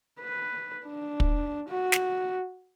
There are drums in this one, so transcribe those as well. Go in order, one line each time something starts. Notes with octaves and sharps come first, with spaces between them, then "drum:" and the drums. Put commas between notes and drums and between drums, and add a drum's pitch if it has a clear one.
B4
D4
drum: kick
F#4
drum: snare